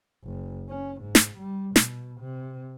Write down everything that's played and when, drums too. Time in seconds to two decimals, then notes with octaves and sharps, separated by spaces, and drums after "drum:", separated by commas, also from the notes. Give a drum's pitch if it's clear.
0.24 F#1
0.69 C#4
1.02 G#2
1.15 drum: snare
1.38 G3
1.76 B2, drum: snare
2.21 C3